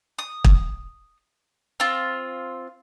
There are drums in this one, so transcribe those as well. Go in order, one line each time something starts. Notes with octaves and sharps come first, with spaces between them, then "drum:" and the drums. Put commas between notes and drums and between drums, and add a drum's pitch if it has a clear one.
D#6
drum: kick
C4 F4